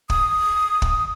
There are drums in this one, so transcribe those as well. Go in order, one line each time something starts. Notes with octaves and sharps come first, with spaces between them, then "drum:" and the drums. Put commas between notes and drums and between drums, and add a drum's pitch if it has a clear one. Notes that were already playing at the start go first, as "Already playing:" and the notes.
D#6, drum: kick
drum: kick